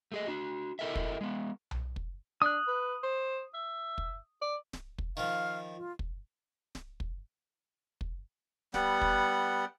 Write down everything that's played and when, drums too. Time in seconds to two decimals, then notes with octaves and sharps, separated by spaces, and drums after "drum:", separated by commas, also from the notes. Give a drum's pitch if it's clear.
0.12 A3 G#4 D#5
0.27 D4 F#4
0.79 E4 A4 A#4 D#5 E5
0.96 drum: kick
1.21 G#3 B3
1.71 drum: tom B1
1.96 drum: kick
2.42 D4 D#6 F#6
2.67 B4
3.03 C5
3.54 E5
3.98 drum: kick
4.42 D5
4.73 drum: snare D1
4.99 drum: kick
5.17 D#3 F3 F5
5.77 F4
5.99 drum: kick
6.75 drum: snare D1
7.00 drum: kick
8.01 drum: kick
8.74 G3 B3 F#5, drum: snare D1
9.02 drum: kick